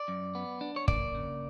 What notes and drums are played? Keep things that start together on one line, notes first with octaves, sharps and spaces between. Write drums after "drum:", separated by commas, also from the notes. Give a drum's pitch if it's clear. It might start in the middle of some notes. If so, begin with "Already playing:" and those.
Already playing: D5
F#2
B3
D4
C#5
A#3 D5, drum: kick
C#3